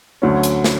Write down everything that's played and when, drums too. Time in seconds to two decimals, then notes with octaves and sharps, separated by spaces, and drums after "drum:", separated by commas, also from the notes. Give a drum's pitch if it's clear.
0.22 D2 D3 F#3 C#4
0.43 drum: hi-hat
0.64 drum: snare